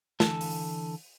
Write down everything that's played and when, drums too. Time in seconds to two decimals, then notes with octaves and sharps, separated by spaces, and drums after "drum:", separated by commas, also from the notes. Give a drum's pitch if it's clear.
0.20 D3 E3 A4, drum: snare
0.41 drum: open hi-hat